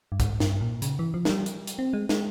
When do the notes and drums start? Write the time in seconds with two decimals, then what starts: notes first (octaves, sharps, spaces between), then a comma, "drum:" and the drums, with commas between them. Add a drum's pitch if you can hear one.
0.12 G2
0.20 G#2, drum: kick, hi-hat
0.40 G2, drum: snare
0.61 A#2
0.82 C#3, drum: hi-hat
0.99 E3
1.14 F3
1.25 G#3, drum: snare
1.30 G3
1.46 drum: hi-hat
1.67 drum: hi-hat
1.79 C4
1.93 G#3
2.09 G#3, drum: snare